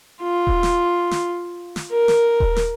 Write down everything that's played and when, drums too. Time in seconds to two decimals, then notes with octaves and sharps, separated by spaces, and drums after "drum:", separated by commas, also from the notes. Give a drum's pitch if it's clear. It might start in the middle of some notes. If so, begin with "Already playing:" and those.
0.22 F4
0.47 drum: kick D#1
0.63 drum: snare
1.11 drum: snare
1.76 drum: snare
1.92 A#4
2.08 drum: snare
2.40 drum: kick D#1
2.56 drum: snare